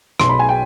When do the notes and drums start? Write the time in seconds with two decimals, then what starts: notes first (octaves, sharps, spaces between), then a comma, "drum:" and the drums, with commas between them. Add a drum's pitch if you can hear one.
0.20 B1 B2 C6, drum: rim click
0.29 B5
0.39 G#5
0.49 G5